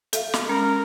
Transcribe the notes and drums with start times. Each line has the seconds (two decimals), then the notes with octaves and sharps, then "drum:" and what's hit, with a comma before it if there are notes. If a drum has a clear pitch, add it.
0.13 A4 E5 F5, drum: hi-hat
0.34 drum: snare
0.49 G#3 C#4 A#4